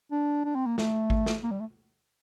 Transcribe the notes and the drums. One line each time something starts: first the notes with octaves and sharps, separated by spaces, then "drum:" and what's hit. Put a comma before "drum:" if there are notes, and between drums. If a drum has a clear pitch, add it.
D4
D4
C4
A#3
A3, drum: snare
drum: kick G#1
drum: snare
A#3
G3
A3